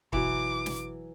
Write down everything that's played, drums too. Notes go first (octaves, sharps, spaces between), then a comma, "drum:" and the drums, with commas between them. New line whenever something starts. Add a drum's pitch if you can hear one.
G1 B2 E3 F#3 F#4 D6, drum: kick
drum: snare